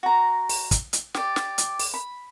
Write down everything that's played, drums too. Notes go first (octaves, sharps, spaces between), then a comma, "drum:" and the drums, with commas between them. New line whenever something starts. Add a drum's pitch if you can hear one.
F#4 A#5
drum: open hi-hat
drum: kick, hi-hat
drum: hi-hat
G4 D5, drum: snare
drum: snare
drum: hi-hat
drum: open hi-hat
B5